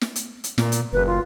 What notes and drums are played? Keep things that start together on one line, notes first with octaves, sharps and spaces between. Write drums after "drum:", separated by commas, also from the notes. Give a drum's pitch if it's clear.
drum: snare
drum: hi-hat
drum: hi-hat
A#2, drum: snare
drum: hi-hat
F#1 B4
F4